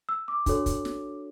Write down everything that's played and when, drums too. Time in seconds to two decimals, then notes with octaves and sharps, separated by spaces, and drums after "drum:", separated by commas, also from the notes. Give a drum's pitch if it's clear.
0.09 E6
0.28 D6
0.46 D4 F#4 A4 C#5, drum: kick, hi-hat
0.66 drum: kick, hi-hat
0.85 drum: snare